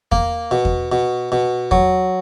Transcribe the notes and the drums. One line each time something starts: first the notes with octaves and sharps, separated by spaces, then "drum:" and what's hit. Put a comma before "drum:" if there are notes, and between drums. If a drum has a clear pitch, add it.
A#3, drum: kick E2
B2
drum: kick E2
B2
B2
F#3, drum: kick E2